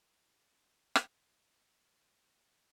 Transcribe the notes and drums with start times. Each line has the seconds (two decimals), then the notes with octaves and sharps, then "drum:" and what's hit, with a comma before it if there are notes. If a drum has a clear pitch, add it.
0.95 drum: rim click
1.64 B2